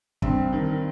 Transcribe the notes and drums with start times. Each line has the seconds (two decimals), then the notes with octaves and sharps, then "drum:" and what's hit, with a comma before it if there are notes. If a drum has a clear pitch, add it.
0.22 G2 C4, drum: kick
0.53 D#3